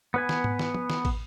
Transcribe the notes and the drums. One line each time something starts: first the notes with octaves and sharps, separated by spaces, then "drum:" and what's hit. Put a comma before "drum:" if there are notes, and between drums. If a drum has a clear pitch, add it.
B3 B4 G#5
drum: snare
drum: tom G#2
drum: snare
drum: tom
drum: snare
drum: kick, cymbal